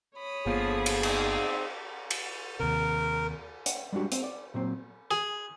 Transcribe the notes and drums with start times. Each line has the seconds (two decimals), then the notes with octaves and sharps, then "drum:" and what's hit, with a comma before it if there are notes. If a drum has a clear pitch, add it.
0.16 C#5 B5 D#6
0.46 G1 D3 F3 A#3 B3 G#4
0.86 drum: cymbal
1.03 C4 D#4 D5 F5, drum: cymbal
2.11 drum: cymbal
2.60 D#2 C3 A#4
3.66 F#5, drum: hi-hat
3.93 G3 G#3 D4 F#4 G4
4.12 C4, drum: hi-hat
4.24 D5
4.54 A#2 F#3 C4
5.11 G#4